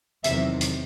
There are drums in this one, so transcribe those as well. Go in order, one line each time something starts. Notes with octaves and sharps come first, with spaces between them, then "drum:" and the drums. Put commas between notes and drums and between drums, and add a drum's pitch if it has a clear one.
E2 C3 D#3 F#3 E5, drum: hi-hat
drum: hi-hat